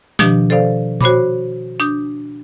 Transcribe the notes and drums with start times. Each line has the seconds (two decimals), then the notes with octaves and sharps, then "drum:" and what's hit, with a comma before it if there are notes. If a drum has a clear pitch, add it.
0.19 B2 D#3 F3 D4 G4, drum: snare
0.50 A4 C5 D5 F5
1.01 F#4 C5 C#5 B5 D6, drum: tom A#2
1.80 D4 D#6 G6, drum: hi-hat